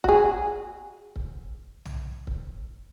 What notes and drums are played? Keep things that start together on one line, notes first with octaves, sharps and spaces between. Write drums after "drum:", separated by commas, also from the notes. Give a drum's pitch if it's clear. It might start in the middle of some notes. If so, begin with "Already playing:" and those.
F#4 G#4, drum: kick C#1
drum: kick C#1
drum: tom
drum: kick C#1